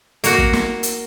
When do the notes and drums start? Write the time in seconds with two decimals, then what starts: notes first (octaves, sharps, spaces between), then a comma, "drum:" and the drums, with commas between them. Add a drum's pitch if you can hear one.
0.24 A#3 F#4, drum: hi-hat
0.38 drum: kick
0.53 drum: snare
0.83 drum: hi-hat